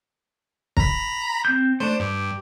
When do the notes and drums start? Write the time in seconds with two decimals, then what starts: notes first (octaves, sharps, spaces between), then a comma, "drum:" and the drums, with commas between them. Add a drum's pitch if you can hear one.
0.77 A#5 B5, drum: kick
1.45 C4 G6
1.80 A3 D4 C5
2.00 G2 G4